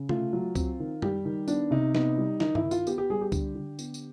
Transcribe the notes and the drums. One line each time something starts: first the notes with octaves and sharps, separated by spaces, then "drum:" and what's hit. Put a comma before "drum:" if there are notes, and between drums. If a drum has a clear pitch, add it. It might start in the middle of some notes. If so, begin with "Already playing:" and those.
Already playing: C#3
A3 F4, drum: tom C3
F#3
C4, drum: kick C#2, tambourine
D#3
G3 G4, drum: tom F#2
D#3
B3 D4, drum: tambourine
C3 D#4
B3 D#4, drum: snare
G3
D#3 D#4, drum: snare
E4, drum: tom G2
D#3
F4, drum: tambourine
B3 G4, drum: tambourine
G4
G3 G#4
G4
D3, drum: kick C#2, tambourine
D3
B3, drum: tambourine
drum: tambourine